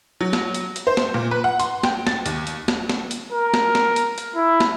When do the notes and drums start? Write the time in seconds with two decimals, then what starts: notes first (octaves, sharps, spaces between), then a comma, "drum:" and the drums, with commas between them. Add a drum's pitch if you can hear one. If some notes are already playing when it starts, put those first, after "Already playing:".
0.21 F#3
0.33 drum: snare
0.54 drum: hi-hat
0.76 drum: hi-hat
0.87 C5
0.97 drum: snare
1.14 A#2
1.31 B4
1.44 F#5
1.60 C6, drum: hi-hat
1.83 G5, drum: snare
2.07 A6, drum: snare
2.26 D#2, drum: hi-hat
2.47 drum: hi-hat
2.68 drum: snare
2.89 drum: snare
3.11 drum: hi-hat
3.32 A#4
3.54 drum: snare
3.75 drum: snare
3.96 drum: hi-hat
4.18 drum: hi-hat
4.35 E4
4.60 drum: snare